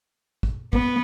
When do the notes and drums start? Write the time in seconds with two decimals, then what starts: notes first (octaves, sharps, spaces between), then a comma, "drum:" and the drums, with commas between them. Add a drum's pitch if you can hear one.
0.43 drum: kick
0.73 B3, drum: kick